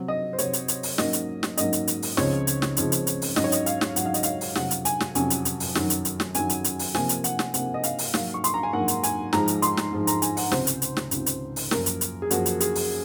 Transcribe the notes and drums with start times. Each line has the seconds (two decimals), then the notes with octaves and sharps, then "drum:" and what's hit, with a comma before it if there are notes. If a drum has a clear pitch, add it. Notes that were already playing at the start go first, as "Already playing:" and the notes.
Already playing: C3 F#3 C4
0.08 D#5
0.33 C5
0.38 C3 F#3 C4 C#5, drum: hi-hat
0.53 drum: hi-hat
0.68 drum: hi-hat
0.83 drum: open hi-hat
0.98 G#2 F#3 A#3 C#4 D#5, drum: snare
1.13 drum: hi-hat
1.43 drum: snare
1.57 G#2 F#3 A#3 C#4 D#5, drum: hi-hat
1.73 drum: hi-hat
1.88 drum: hi-hat
2.02 drum: open hi-hat
2.17 C#2 C#3 F3 C4 D#4 C#5, drum: snare
2.47 drum: hi-hat
2.62 drum: snare
2.77 C#2 C#3 F3 C4 D#4, drum: hi-hat
2.92 drum: hi-hat
3.07 drum: hi-hat
3.22 drum: open hi-hat
3.36 G#2 F#3 C#4 D#5, drum: snare
3.44 C#5
3.52 D#5, drum: hi-hat
3.66 F5, drum: hi-hat
3.81 drum: snare
3.96 G#2 F#3 C#4 F#5, drum: hi-hat
4.06 F5
4.14 D#5, drum: hi-hat
4.23 F5, drum: hi-hat
4.41 drum: open hi-hat
4.55 F2 C3 F#3 C#4 F#5, drum: snare
4.71 drum: hi-hat
4.85 G#5, drum: hi-hat
5.00 drum: snare
5.15 F2 C3 F#3 C#4 G#5, drum: hi-hat
5.30 drum: hi-hat
5.45 drum: hi-hat
5.60 drum: open hi-hat
5.75 F#2 D#3 F#3, drum: snare
5.90 drum: hi-hat
6.05 drum: hi-hat
6.20 drum: snare
6.34 F#2 D#3 F#3 G#5, drum: hi-hat
6.49 drum: hi-hat
6.64 drum: hi-hat
6.79 drum: open hi-hat
6.95 C3 F3 A#3 G#5, drum: snare
7.09 drum: hi-hat
7.24 F#5, drum: hi-hat
7.39 drum: snare
7.54 C3 F3 A#3 F#5, drum: hi-hat
7.74 D#5
7.83 F5, drum: hi-hat
7.99 drum: open hi-hat
8.14 G#2 F#3 A#3 F5, drum: snare
8.34 C#6
8.44 C6, drum: hi-hat
8.54 A#5
8.63 G#5
8.73 G#2 F#3 A#3 F#5
8.88 drum: hi-hat
9.03 G#5, drum: hi-hat
9.33 G#2 F3 G#3 A#5, drum: snare
9.48 drum: hi-hat
9.62 C6, drum: hi-hat
9.77 drum: snare
9.92 G#2 F3 G#3
10.07 A#5, drum: hi-hat
10.22 G#5, drum: hi-hat
10.37 F#5, drum: open hi-hat
10.52 C#2 C3 D#3 C5, drum: snare
10.67 drum: hi-hat
10.82 drum: hi-hat
10.97 drum: snare
11.11 C#2 C3 D#3, drum: hi-hat
11.26 drum: hi-hat
11.56 drum: open hi-hat
11.71 F#2 F3 A#3 A#4, drum: snare
11.86 drum: hi-hat
12.01 drum: hi-hat
12.22 G#4
12.31 F#2 F3 A#3 F#4, drum: hi-hat
12.46 drum: hi-hat
12.60 G#4, drum: hi-hat
12.75 drum: open hi-hat